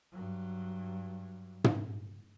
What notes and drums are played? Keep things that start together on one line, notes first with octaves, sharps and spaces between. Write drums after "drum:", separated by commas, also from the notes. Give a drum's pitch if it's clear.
G2 F#3
drum: tom